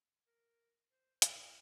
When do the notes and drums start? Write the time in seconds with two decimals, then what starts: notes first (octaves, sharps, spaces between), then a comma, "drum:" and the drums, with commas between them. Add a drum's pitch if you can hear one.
0.27 A#4
0.91 C5
1.22 C5, drum: hi-hat
1.33 A4
1.44 F4